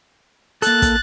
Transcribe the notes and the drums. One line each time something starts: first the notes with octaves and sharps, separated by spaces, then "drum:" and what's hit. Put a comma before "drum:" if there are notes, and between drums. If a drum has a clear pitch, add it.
A#3 A4 F#6 A6, drum: hi-hat
drum: kick, hi-hat